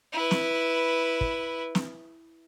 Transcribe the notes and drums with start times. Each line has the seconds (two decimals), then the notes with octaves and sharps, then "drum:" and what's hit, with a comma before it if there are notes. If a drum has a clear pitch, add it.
0.13 E4 B4
0.31 drum: snare
1.21 drum: kick
1.75 drum: snare